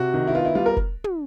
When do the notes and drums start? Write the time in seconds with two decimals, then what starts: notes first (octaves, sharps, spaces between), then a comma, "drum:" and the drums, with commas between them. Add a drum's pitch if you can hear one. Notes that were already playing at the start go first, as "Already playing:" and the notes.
Already playing: C3 F#4
0.14 D#3
0.27 E4
0.34 B3 F4
0.45 E4
0.55 G3 F4
0.66 A#4
0.77 drum: kick
1.04 drum: tom